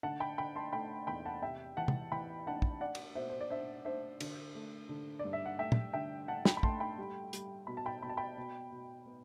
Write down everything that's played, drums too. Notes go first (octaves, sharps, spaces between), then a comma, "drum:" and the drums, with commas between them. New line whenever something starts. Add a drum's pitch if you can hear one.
D3 F#5 A5
G5 B5
D3 G5 B5
A5 C6
A3 G5 B5
E2 G5 B5
F#5 A5
C3 E5 G5
E3 F#5 A5
drum: tom
E3 G5 B5
D4 F#5 A5
drum: kick
D4 D5 F#5
drum: cymbal
B2 C5 E5
C5
D5
D4 C5 E5
D4 C5 E5
D3, drum: cymbal
A3
D3
G2 D5
E5
F#5
A3 E5 G5
drum: tom
D3 E5 G5
D4 F#5 A5
G5 B5, drum: snare
B5
A3 A5 C6, drum: kick
G5 B5
G3
G3, drum: hi-hat
B2 B5
A5
G5 B5
B2 B5
A5
G5 B5
B2
B2
B3